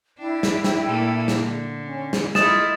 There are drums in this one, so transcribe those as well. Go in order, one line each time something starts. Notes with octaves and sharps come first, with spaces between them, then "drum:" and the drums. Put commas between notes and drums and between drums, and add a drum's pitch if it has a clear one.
D4 E4 G5
drum: snare
drum: snare
A#2 A3 A#3
drum: snare
D3
C#4
drum: snare
A3 E4 F4 D#5 D#6 A6 E7, drum: snare